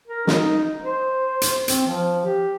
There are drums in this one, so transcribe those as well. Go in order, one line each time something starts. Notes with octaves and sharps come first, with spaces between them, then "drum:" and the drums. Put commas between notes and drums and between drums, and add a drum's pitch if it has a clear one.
A#4
D#4, drum: snare
C5
drum: hi-hat
C4, drum: hi-hat
F3
G4